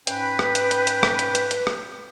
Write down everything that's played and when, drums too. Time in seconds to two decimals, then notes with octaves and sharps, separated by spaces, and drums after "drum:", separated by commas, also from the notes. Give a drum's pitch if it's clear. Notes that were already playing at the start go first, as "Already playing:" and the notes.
0.07 G#2 C#4 B4 G5, drum: hi-hat
0.39 drum: rim click
0.55 drum: hi-hat
0.71 drum: hi-hat
0.87 drum: hi-hat
1.03 drum: rim click
1.19 drum: hi-hat
1.35 drum: hi-hat
1.51 drum: hi-hat
1.67 drum: rim click